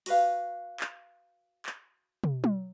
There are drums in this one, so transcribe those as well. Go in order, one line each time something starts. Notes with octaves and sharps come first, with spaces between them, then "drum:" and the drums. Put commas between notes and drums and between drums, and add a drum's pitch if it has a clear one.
F#4 B4 F5, drum: open hi-hat
drum: clap
drum: clap
drum: tom
drum: tom